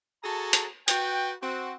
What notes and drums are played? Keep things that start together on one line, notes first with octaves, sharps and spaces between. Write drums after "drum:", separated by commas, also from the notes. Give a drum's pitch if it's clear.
F#4 G#4 A4 A5 A#5
drum: hi-hat
F#4 B4 G5, drum: hi-hat
C4 F#4